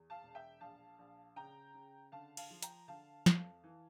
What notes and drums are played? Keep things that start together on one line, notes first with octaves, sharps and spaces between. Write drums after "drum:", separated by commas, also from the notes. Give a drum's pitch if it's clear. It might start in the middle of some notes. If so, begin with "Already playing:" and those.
Already playing: E2
F5 A5
E1
E5 G5
A#1 F5 A5
A#1
C#3 G5 A#5
C#3
D3 F5 A5
F5 A5, drum: cymbal
F3
G5 A#5, drum: hi-hat
D3 F5 A5
F2, drum: snare
E3